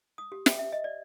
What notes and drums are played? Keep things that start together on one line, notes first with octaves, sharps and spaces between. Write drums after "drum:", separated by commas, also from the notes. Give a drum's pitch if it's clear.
D#6
G4
E5, drum: snare
E5
D#5
D5